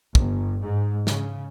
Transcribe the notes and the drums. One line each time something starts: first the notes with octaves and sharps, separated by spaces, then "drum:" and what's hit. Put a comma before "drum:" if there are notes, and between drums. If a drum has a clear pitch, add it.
G1, drum: kick
G#2
C#3, drum: snare